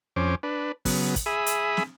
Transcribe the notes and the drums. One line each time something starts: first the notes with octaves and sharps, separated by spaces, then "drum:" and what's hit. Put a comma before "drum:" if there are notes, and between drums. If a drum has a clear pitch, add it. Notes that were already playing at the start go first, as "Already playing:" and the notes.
F2 C#4 C5 D6
D4 B4
C#3 F#3 B3, drum: kick, open hi-hat
drum: kick, hi-hat
G#4 E5 B5 D#6
drum: hi-hat
drum: snare